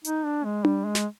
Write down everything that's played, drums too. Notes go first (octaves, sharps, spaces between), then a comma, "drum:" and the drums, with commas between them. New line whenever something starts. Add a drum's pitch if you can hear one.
D#4, drum: hi-hat
D4
G#3
G3, drum: tom D4
G#3
drum: snare